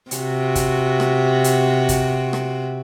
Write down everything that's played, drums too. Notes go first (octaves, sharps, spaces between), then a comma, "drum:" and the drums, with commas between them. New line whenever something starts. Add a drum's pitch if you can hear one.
C3 F#4, drum: hi-hat
drum: kick, hi-hat
drum: rim click
drum: hi-hat
drum: kick, hi-hat
drum: rim click